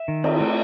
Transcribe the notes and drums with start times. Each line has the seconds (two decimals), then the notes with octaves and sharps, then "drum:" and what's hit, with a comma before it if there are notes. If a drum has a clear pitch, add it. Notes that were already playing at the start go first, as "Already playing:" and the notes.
Already playing: E5
0.08 D#3
0.24 C4, drum: cymbal
0.41 A3